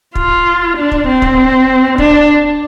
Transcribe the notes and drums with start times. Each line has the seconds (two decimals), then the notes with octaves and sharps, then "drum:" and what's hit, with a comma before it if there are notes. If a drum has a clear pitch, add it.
0.15 F4, drum: kick
0.77 D4
0.92 drum: kick
1.07 C4
1.22 drum: kick
1.98 D4, drum: kick